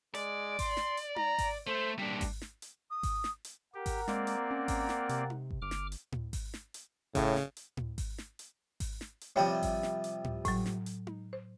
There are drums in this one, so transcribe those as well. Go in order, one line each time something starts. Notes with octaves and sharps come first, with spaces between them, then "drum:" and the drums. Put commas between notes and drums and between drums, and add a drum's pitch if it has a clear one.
G#3 D5, drum: hi-hat
C6, drum: kick G#1, open hi-hat
drum: snare
drum: hi-hat
A#5, drum: tom D#4
drum: kick G#1, open hi-hat
A3 C5
G3 A#3 D4
drum: kick G#1, open hi-hat
drum: snare
drum: hi-hat
D#6
drum: kick G#1, open hi-hat
drum: snare
drum: hi-hat
G4 A#4 F#5 A#5
drum: kick G#1, open hi-hat
G#3 A#3 C4 D5, drum: snare
drum: hi-hat
C#4
drum: kick G#1, open hi-hat
drum: snare
C3, drum: hi-hat
drum: tom D#4
drum: kick G#1
G1 D6 F6
drum: snare
drum: hi-hat
drum: tom A2
drum: kick G#1, open hi-hat
drum: snare
drum: hi-hat
A2 C#3, drum: kick G#1, open hi-hat
drum: snare
drum: hi-hat
drum: tom A2
drum: kick G#1, open hi-hat
drum: snare
drum: hi-hat
drum: kick G#1, open hi-hat
drum: snare
drum: hi-hat
C3 F3 G3 C#5 E5 G5
drum: kick G#1, open hi-hat
drum: snare
drum: hi-hat
drum: tom A2
A2 F#3, drum: kick G#1, open hi-hat
drum: snare
drum: hi-hat
drum: tom D#4
C5